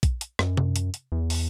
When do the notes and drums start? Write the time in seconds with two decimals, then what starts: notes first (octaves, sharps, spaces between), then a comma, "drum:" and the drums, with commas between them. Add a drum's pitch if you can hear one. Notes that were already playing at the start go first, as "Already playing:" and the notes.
0.03 drum: kick A#1, hi-hat
0.21 drum: hi-hat
0.39 F#2, drum: rim click
0.57 drum: tom C3
0.76 drum: hi-hat
0.94 drum: hi-hat
1.12 E2
1.30 drum: open hi-hat